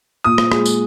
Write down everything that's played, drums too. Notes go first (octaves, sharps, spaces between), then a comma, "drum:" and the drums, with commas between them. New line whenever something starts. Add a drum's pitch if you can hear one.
A#2 D#6
drum: rim click
G#3, drum: rim click
drum: tambourine